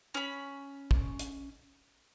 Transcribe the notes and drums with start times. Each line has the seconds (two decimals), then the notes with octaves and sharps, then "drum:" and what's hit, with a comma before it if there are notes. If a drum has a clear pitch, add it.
0.14 C#4 B5
0.91 drum: kick
1.19 drum: hi-hat